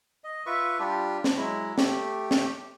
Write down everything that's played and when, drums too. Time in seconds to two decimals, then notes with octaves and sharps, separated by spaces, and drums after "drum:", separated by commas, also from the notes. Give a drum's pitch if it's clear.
0.24 D#5
0.46 F4 B4 E5 C#6
0.79 G3 D4 F4 G4
1.24 drum: snare
1.37 F#3 G#3 E4
1.78 A3 G4, drum: snare
2.31 drum: snare